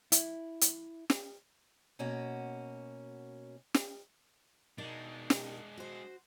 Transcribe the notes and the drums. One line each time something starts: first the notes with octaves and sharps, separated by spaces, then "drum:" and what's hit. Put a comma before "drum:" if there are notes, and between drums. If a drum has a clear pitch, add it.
E4, drum: hi-hat
drum: hi-hat
drum: snare
B2 A#3 C#4 F#4
drum: snare
B2 G#3 D4 D#4 A#4
drum: snare
F#4 C5